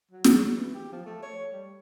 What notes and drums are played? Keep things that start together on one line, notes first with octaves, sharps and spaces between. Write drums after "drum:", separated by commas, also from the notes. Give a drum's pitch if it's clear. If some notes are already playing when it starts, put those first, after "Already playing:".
F#3
drum: snare
E3
G4
F3
A3
C#5
G3